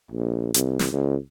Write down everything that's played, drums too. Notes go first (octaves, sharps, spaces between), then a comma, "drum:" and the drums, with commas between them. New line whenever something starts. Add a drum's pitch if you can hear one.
A#1
C2, drum: hi-hat
drum: snare
C#2